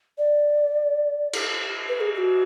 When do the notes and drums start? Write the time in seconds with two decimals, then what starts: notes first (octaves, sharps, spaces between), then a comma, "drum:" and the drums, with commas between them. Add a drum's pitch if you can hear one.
0.18 D5
1.33 drum: cymbal
1.88 B4
2.01 G#4
2.14 G#4
2.18 F#4